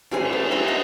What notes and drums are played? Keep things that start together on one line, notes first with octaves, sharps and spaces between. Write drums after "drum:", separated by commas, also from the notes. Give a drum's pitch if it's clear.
E2 A2 G#3 G#4 C5 G#5, drum: cymbal
A3
G#3 C4 E4 A#5
B3 D4 D#5